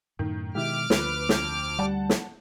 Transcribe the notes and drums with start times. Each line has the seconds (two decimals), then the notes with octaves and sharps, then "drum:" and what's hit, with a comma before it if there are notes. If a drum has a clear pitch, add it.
0.19 F#2 A2 D#3
0.55 B2 D#3 G#3 E4 G4 D6 F6
0.90 D2 F3 B4, drum: snare
1.29 F2 G6, drum: snare
1.79 G3 F#5 A5
2.09 drum: snare